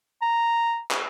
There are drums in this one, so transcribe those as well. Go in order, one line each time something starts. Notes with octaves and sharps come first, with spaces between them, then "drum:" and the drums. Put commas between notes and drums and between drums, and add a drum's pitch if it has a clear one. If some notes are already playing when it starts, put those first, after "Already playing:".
A#5
drum: clap